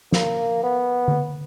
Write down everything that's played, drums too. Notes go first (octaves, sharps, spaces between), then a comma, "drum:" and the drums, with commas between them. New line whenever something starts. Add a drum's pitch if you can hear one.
A#3, drum: snare
B3
drum: tom D3